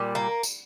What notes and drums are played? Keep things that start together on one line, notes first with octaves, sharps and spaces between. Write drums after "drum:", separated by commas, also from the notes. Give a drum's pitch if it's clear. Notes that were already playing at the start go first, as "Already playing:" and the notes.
Already playing: A#2 G3
A#3
drum: tambourine